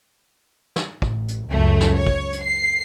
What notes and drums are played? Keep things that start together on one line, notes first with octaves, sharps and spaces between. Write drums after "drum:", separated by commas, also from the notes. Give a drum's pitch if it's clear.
drum: snare
A1, drum: kick
drum: hi-hat
C#2 F#2 A3
drum: snare
C#5
drum: kick
drum: hi-hat
C7